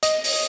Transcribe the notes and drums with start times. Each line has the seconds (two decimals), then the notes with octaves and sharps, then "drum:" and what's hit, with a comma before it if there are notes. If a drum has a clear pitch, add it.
0.03 D#5, drum: hi-hat
0.24 drum: open hi-hat